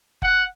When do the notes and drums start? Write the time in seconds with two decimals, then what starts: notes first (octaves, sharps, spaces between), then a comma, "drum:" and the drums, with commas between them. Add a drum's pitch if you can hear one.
0.22 F#5, drum: kick F#1